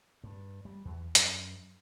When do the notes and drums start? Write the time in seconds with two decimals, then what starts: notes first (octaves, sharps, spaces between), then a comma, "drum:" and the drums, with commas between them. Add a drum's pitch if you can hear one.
0.24 G2
0.65 G3
0.85 E2
1.15 F#2, drum: hi-hat